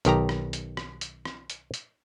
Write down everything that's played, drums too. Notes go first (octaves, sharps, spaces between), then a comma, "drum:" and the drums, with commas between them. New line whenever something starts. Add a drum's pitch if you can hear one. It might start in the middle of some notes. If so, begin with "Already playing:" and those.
B1 D#3 G4 A#5, drum: hi-hat
drum: rim click
drum: hi-hat
drum: rim click
drum: hi-hat
drum: rim click
drum: hi-hat
drum: hi-hat